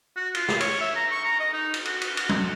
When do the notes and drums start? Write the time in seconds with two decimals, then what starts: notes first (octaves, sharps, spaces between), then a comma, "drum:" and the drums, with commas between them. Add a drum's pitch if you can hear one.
0.17 F#4
0.35 F4, drum: cymbal
0.49 drum: snare
0.61 C#5, drum: cymbal
0.80 E5
0.96 A#5
1.11 C#6
1.24 A#5
1.40 D#5
1.53 D#4
1.74 drum: cymbal
1.85 F#4, drum: cymbal
2.02 drum: cymbal
2.17 F#4, drum: cymbal
2.29 drum: tom